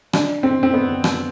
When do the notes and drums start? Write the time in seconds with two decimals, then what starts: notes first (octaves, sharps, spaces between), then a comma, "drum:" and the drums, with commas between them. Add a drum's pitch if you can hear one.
0.13 D4, drum: rim click
0.43 C4
0.63 C4
0.74 B3
1.04 drum: rim click